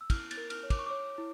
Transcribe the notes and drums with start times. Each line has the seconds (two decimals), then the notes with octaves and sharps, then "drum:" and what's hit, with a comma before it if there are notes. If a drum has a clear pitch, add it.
0.01 E6
0.10 E4 F6, drum: kick, cymbal
0.31 A6, drum: cymbal
0.37 A#4
0.50 F6, drum: cymbal
0.63 C#5
0.70 D6, drum: kick, cymbal
0.79 C#6
0.86 C#5 D6
1.18 E4